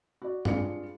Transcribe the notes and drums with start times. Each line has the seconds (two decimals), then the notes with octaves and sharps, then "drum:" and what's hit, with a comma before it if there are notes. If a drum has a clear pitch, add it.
0.22 F#4 D5
0.45 G2 F4 G#4 D5 C#7, drum: tom G2